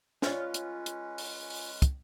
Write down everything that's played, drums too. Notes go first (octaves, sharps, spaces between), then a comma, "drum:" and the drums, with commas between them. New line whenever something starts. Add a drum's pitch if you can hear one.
G#3 C#4 F4 B4 C#5, drum: snare
drum: hi-hat
drum: hi-hat
drum: open hi-hat
drum: open hi-hat
drum: kick, hi-hat